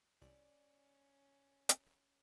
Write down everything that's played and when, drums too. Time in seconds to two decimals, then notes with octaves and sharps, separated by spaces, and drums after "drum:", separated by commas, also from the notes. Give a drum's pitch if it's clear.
0.22 C2 C#4 D5
1.69 drum: hi-hat